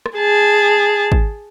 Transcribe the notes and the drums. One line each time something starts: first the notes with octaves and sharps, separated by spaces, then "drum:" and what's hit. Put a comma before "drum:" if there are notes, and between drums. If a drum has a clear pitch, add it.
drum: rim click
G#4 A5
drum: kick G#1